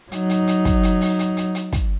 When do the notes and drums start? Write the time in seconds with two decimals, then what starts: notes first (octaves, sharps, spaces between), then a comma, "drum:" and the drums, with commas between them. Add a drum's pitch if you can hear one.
0.12 F#3 D#4, drum: hi-hat
0.29 drum: hi-hat
0.47 drum: hi-hat
0.65 drum: kick, hi-hat
0.83 drum: hi-hat
1.01 drum: open hi-hat
1.19 drum: hi-hat
1.37 drum: hi-hat
1.55 drum: hi-hat
1.72 drum: kick, hi-hat